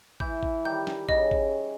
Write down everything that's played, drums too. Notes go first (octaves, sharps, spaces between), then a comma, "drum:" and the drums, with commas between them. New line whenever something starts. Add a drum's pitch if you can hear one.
E3 G6, drum: kick
drum: kick
D#3 G3 G6
drum: snare
C#3 D#5, drum: kick
drum: kick